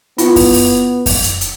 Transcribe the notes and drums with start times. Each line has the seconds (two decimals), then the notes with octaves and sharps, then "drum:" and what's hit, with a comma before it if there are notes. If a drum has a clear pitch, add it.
0.18 B3 E4 F4, drum: hi-hat
0.36 drum: kick F#2, open hi-hat
0.53 drum: open hi-hat
1.06 drum: kick F#2, open hi-hat
1.23 drum: hi-hat
1.41 drum: hi-hat